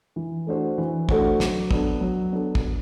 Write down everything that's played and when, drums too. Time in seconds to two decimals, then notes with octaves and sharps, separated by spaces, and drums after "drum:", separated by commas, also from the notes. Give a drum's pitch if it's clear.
0.16 E3
0.47 A3 D4 F#4 C5
0.78 E3
1.09 A3 D4 F#4 C5, drum: kick
1.40 F#3, drum: snare
1.71 B3 D4 A4, drum: kick
2.01 F#3
2.32 B3 D4 A4
2.55 drum: kick